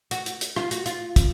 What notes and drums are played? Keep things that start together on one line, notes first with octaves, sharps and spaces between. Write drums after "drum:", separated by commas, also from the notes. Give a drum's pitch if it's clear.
F#4, drum: hi-hat
drum: hi-hat
drum: hi-hat
F4, drum: rim click
F#4, drum: hi-hat
F4, drum: hi-hat
drum: kick, hi-hat